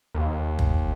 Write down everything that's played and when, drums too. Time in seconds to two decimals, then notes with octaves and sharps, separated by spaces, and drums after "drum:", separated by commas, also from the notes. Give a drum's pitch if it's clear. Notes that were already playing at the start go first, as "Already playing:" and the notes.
0.15 D#2
0.59 drum: kick